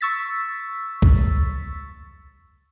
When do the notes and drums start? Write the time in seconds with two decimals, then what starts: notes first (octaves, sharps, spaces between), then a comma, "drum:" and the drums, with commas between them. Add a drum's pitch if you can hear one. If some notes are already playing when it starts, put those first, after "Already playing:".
0.01 C#6 E6 A6 B6
1.02 drum: kick C#2